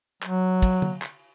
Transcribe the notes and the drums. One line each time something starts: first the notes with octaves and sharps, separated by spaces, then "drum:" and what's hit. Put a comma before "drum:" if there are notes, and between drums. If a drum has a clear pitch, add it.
F#3, drum: clap
drum: kick, cymbal
drum: tom
drum: clap